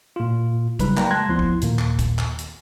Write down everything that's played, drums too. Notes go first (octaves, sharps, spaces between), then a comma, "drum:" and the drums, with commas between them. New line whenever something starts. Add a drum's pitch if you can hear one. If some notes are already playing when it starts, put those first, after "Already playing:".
A#2 F4
C#3 F#3 G3 D#4 B4 B5, drum: kick, hi-hat
F#3 A#3 B4 D5 G5 A#5, drum: clap
G#3 A5 C6 F#6 G#6 A#6
D2 F3 B3 E4 C6
drum: kick
D#2 A#2 D#3 A#3, drum: hi-hat
drum: clap
drum: kick, hi-hat
drum: clap
drum: hi-hat